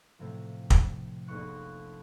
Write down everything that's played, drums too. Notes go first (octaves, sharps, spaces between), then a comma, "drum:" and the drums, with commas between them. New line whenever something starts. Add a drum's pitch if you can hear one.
A2 C3 F3
drum: kick
F1 A#1 C#6 F#6